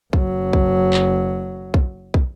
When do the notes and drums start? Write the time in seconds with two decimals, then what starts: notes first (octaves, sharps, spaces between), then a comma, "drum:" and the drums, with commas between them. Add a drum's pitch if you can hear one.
0.13 F#1 F#3, drum: kick
0.53 drum: kick
0.94 drum: clap
1.74 drum: kick
2.14 drum: kick